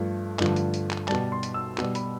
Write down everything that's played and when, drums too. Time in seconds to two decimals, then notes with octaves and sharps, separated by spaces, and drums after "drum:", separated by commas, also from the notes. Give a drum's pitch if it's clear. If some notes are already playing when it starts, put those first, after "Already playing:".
Already playing: G2 F3 A3
0.39 G2 D3 F3 A3, drum: clap
0.56 drum: hi-hat
0.74 drum: hi-hat
0.91 drum: clap
1.08 B2 G3 A5, drum: clap
1.32 C6
1.43 drum: hi-hat
1.54 E6
1.78 B2 G3, drum: clap
1.95 B5, drum: hi-hat